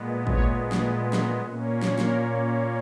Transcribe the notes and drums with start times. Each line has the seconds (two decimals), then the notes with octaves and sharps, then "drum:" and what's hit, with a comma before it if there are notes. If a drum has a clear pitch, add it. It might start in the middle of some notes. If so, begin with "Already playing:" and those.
Already playing: A#2 G#3 B3
0.27 C#5, drum: kick A1
0.72 drum: snare
0.84 B4
1.13 A#4, drum: snare
1.42 A#2 A#3 C#4
1.82 drum: snare
1.99 A#4, drum: snare